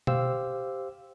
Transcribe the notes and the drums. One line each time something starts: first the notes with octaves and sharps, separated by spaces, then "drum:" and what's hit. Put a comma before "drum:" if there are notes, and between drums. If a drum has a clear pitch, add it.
G4 C5 F5 E6, drum: tom B2